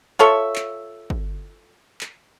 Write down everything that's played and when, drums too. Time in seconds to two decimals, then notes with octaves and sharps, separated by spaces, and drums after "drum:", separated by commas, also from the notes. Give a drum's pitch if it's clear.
0.19 F4 A4 C#5 E5
0.56 drum: clap
1.10 drum: kick
2.01 drum: clap